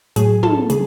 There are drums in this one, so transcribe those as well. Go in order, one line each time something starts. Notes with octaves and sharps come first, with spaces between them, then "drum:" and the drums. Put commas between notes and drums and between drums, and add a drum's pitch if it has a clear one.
A2 F#3 G#4, drum: hi-hat
A4, drum: tom
C#3 G#4, drum: hi-hat